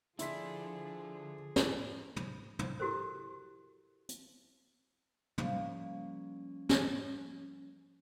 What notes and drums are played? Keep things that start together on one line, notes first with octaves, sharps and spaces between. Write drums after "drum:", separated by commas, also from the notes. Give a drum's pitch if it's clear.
D3 F3 D4 E4 G#4 C6 B6, drum: hi-hat
drum: snare
drum: tom
drum: tom
E4 F#4 G4 A4 A#4 C5
drum: hi-hat
F3 G3 A#3 C#4 C#5 F5, drum: tom
drum: snare